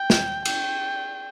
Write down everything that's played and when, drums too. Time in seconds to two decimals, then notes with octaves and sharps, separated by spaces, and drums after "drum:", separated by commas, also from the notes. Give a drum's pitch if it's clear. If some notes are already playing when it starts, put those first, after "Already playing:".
Already playing: G5
0.10 drum: snare
0.45 G5, drum: cymbal